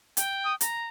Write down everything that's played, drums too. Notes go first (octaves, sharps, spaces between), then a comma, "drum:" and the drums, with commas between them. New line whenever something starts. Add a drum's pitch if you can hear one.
G5, drum: hi-hat
D#6
A#5, drum: hi-hat